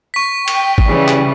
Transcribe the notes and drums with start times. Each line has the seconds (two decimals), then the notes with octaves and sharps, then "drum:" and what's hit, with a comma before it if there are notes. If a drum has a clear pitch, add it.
0.14 C#6 B6
0.48 G5, drum: cymbal
0.78 drum: kick G#1
0.88 C#3 E3 G3
1.08 drum: clap